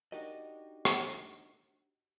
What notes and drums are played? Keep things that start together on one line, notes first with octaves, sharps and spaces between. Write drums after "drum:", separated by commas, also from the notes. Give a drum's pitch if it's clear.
D4 D#4 F#4 G4 A#4 D#5
drum: rim click